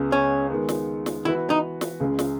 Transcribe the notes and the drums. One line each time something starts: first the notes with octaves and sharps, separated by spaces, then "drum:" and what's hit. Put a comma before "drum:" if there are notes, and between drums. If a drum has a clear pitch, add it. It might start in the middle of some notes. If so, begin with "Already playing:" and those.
Already playing: C#2 C#3 G#3 B3
C#4
D#3 G#3 B3
drum: snare
drum: snare
E3 B3 E4 F#4 B4
D#4
drum: snare
C#2 C#3 G#3
drum: snare